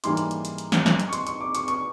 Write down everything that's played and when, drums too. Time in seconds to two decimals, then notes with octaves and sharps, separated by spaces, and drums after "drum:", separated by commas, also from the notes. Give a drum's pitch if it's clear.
0.04 G#2 E3 G3 A#3 C6, drum: hi-hat
0.17 drum: hi-hat
0.31 drum: hi-hat
0.45 drum: hi-hat
0.58 drum: hi-hat
0.72 drum: snare
0.86 drum: snare
1.00 drum: hi-hat
1.09 C#6
1.13 C6, drum: hi-hat
1.27 C#6, drum: hi-hat
1.41 D6
1.55 C#6, drum: hi-hat
1.68 C#6, drum: hi-hat